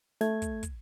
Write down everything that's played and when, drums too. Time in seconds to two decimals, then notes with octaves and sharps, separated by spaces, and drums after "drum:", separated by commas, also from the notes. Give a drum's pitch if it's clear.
0.21 A3 G#6, drum: snare
0.42 drum: kick, hi-hat
0.63 drum: kick, hi-hat